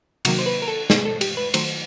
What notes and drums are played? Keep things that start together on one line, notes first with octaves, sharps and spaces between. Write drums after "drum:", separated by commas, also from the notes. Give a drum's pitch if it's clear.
C3 D#3 F#3 A#3 F#4, drum: cymbal
C5
B4
A#4
A4
B2 G#3 G#4, drum: snare
A4
G4, drum: cymbal
B4
D#3 F#3 A3 C5, drum: cymbal